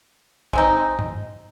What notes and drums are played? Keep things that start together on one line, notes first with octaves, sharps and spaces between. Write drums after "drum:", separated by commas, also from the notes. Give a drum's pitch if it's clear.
G#3 C4 D#4, drum: kick
drum: tom G2